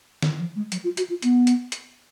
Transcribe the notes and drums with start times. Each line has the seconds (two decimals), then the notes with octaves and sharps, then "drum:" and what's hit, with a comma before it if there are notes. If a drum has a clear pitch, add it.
0.22 D#3, drum: snare
0.39 F3
0.55 G#3
0.72 F#3, drum: hi-hat
0.84 F4
0.97 F#4, drum: hi-hat
1.09 F4
1.22 B3, drum: hi-hat
1.47 drum: hi-hat
1.72 drum: hi-hat